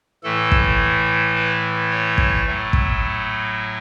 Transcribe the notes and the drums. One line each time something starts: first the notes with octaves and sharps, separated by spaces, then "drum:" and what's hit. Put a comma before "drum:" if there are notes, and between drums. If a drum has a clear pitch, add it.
A2 E3 A3 A4
drum: kick
B4
C#5
drum: kick
A2 F#3 A3
drum: kick